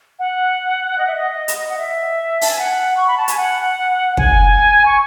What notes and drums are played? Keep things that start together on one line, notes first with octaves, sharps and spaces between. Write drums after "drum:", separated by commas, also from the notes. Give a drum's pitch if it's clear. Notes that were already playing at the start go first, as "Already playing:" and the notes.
F#5
D#5
E5
D#5
drum: hi-hat
F#5
E5
A5, drum: open hi-hat
G#5
F#5
C#6
B5
A5
G#5, drum: hi-hat
F#5
G#5, drum: kick
C#6